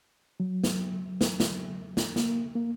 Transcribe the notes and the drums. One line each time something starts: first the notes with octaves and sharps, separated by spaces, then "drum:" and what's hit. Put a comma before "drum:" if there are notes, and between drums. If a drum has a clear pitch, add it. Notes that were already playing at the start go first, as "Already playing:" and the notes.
F#3
drum: snare
drum: snare
drum: snare
drum: snare
A#3, drum: snare
A#3